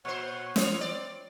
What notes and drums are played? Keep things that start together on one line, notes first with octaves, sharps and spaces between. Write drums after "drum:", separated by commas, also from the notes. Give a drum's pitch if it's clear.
A#2 C5 C#5 F#5
E3 C4 C#5, drum: snare
D5